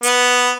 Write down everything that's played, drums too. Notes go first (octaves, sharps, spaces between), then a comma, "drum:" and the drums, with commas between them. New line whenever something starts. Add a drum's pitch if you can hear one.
B3, drum: hi-hat